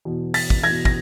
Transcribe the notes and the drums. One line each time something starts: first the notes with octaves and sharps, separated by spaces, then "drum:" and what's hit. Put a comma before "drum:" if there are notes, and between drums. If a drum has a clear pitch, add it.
E2 B2
A6 B6, drum: open hi-hat
drum: kick
E2 B2 G#6 A#6
A#6, drum: kick